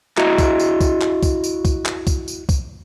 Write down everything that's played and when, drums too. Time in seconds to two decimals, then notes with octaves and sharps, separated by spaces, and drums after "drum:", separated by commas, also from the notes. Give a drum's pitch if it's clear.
0.17 E4 F#4 D#5 A#5, drum: clap
0.38 drum: kick C2, tambourine
0.60 drum: tambourine
0.81 drum: kick C2, tambourine
1.02 drum: clap
1.23 drum: kick C2, tambourine
1.44 drum: tambourine
1.65 drum: kick C2, tambourine
1.86 drum: clap
2.07 drum: kick C2, tambourine
2.28 drum: tambourine
2.49 drum: kick C2, tambourine